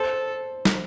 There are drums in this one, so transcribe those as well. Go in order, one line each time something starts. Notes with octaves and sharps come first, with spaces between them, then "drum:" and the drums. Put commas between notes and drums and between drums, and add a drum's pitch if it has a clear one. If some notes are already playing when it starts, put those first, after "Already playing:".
Already playing: A4 C5
drum: snare